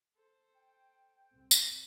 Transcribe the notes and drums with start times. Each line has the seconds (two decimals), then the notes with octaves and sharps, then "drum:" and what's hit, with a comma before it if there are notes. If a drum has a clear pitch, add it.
0.16 A4 C5
0.56 G5
1.31 C2 C4
1.51 drum: tambourine